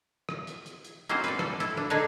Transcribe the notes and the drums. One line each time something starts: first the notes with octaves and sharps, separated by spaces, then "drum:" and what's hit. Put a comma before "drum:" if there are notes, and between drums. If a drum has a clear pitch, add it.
drum: rim click
drum: hi-hat
drum: hi-hat
drum: hi-hat
A#3 C4 C#4 F4 F#4 C5
B4 D5, drum: hi-hat
A4, drum: rim click
E4 A4, drum: hi-hat
D4, drum: rim click
D3 D4 D#4 G#4 B4 G#5